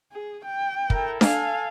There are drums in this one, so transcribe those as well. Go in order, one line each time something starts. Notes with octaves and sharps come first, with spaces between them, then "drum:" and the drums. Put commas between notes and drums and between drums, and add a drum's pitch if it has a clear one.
G#4
G5
E4 A4 A#4, drum: kick
A4 F5 G#5, drum: snare D4